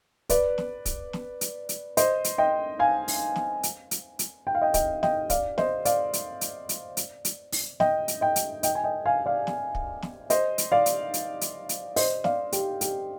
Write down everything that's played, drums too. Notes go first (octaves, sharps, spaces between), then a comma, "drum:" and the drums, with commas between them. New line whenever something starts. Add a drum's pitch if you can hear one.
B4 D5, drum: kick, hi-hat
drum: snare
drum: kick, hi-hat
drum: snare
drum: hi-hat
drum: hi-hat
C5 D#5, drum: hi-hat
drum: hi-hat
D#5 G5
F5 G#5
drum: open hi-hat
drum: snare
drum: hi-hat
drum: hi-hat
drum: hi-hat
G5
F5
D#5 G5
D#5 G5, drum: kick, hi-hat
D#5 G5, drum: snare
D5 F5, drum: kick, hi-hat
C5 D#5, drum: snare
D5 F5, drum: hi-hat
drum: hi-hat
drum: hi-hat
drum: hi-hat
drum: hi-hat
drum: hi-hat
drum: open hi-hat
D#5 G5, drum: snare
drum: hi-hat
D#5 G5
drum: hi-hat
D#5 G5, drum: hi-hat
G#5
D#5 G5
F5 G#5
D5 F5
drum: snare
drum: kick
drum: snare
C5 D#5, drum: hi-hat
drum: hi-hat
D5 F5
drum: hi-hat
drum: hi-hat
drum: hi-hat
drum: hi-hat
C5 D#5, drum: open hi-hat
D5 F5, drum: snare
G4, drum: hi-hat
G4, drum: hi-hat